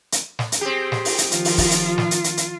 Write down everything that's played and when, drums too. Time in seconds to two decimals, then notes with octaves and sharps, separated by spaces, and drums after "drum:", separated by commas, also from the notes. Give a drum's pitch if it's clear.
0.12 drum: hi-hat
0.39 drum: snare
0.52 drum: hi-hat
0.61 C4 G4 G#4
0.92 drum: snare
1.05 drum: open hi-hat
1.18 drum: hi-hat
1.31 D#3 F3 F4, drum: hi-hat
1.45 drum: open hi-hat
1.58 drum: kick, open hi-hat
1.71 drum: hi-hat
1.98 drum: snare
2.11 drum: hi-hat
2.24 drum: hi-hat
2.37 drum: hi-hat